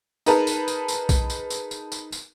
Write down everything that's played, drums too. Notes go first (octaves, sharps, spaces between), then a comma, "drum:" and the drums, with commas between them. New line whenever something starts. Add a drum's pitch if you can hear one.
D#4 G#4 A#4 B4 A5 A#5, drum: tambourine
drum: tambourine
drum: tambourine
drum: tambourine
drum: kick B1, tambourine
drum: tambourine
drum: tambourine
drum: tambourine
drum: tambourine
drum: tambourine